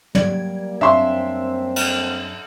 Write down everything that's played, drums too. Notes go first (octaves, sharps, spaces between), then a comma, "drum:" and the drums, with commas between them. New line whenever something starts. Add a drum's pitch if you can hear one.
F#3 G3 A#3 D5 G#6, drum: tom
F#2 G3 A#3 C4 D4 E5 F5 C6
drum: cymbal